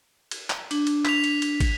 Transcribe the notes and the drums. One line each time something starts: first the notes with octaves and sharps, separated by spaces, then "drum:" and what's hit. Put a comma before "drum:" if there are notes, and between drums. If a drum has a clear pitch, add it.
drum: cymbal
drum: clap
D4, drum: cymbal
drum: cymbal
B6 F7, drum: clap
drum: cymbal
drum: cymbal
drum: kick, cymbal